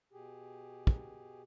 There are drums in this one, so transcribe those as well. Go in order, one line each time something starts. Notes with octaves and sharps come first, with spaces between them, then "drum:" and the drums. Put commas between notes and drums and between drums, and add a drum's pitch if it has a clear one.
B2 G4 G#4
drum: kick